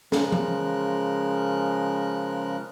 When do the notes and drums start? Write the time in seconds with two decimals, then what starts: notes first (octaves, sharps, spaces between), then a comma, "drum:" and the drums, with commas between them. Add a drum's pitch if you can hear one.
0.12 C#3 F3 G#3 A#4 F#6, drum: snare
0.32 drum: tom E3